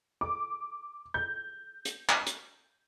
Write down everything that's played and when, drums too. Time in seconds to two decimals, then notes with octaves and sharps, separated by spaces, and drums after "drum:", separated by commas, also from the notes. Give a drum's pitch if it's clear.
0.21 D6
1.14 G6
1.85 drum: hi-hat
2.09 drum: clap
2.27 drum: hi-hat